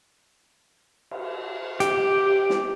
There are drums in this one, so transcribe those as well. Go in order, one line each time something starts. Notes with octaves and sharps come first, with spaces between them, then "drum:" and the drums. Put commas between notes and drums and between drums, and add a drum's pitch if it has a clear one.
drum: cymbal
G4, drum: hi-hat
drum: snare